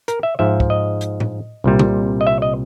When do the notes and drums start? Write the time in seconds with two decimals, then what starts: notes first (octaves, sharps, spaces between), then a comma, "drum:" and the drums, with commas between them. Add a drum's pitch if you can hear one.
0.08 A#4, drum: hi-hat
0.23 E5
0.39 G#2 F3 E5
0.60 drum: kick
0.70 D#5
1.01 drum: hi-hat
1.20 drum: tom A2
1.64 C2 A#2 G3
1.79 drum: tom C3
2.21 D#5
2.27 E5
2.42 D#5